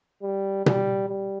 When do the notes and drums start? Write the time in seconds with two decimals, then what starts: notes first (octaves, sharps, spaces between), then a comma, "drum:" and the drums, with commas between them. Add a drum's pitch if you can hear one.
0.23 G3
0.66 G3, drum: tom B2
1.09 G3